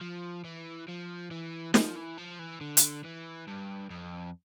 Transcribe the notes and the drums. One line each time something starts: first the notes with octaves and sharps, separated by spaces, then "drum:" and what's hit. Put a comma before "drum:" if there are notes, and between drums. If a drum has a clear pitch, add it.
F3
E3
F3
E3
F3, drum: snare
E3
F3
E3
D3
drum: hi-hat
E3
G2
F2